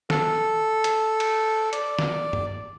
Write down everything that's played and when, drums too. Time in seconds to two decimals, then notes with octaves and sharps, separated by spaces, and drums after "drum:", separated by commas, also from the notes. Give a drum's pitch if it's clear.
0.10 A4, drum: snare
0.84 drum: hi-hat
1.20 drum: cymbal
1.73 D5, drum: hi-hat
1.99 drum: snare
2.33 drum: tom